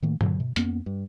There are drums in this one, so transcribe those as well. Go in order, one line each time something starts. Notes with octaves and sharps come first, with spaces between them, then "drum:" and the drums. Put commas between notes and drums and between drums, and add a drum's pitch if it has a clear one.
A2 D#3 A3 A#3
A#2 D3 F#3, drum: tom G2
B2
F2 A#3 B3 C#4, drum: hi-hat
G2